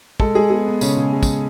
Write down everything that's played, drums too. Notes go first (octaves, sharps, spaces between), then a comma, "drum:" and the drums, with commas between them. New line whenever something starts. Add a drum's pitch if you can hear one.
G#3 A4, drum: kick
G#3 G#4
B3 G#4
B3
C#3 C#4, drum: tambourine
C#3
G#3
drum: kick, tambourine